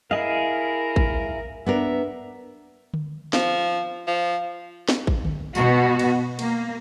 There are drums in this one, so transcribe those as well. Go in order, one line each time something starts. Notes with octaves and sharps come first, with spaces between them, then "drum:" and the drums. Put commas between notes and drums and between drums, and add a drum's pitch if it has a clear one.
E4 G#4 A#4 D#5 F5
drum: kick
B3 D4 A#4 E5
drum: tom D3
F3, drum: snare
F3
drum: snare
drum: kick
drum: tom D3
B2 B3 F#4, drum: tambourine
drum: cymbal
A#3, drum: cymbal